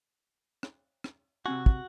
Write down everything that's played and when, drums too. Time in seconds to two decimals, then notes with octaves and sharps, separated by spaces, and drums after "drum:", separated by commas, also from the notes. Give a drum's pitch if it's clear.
0.63 drum: rim click
1.04 drum: rim click
1.46 C3 C4 F#4 G#5
1.66 drum: kick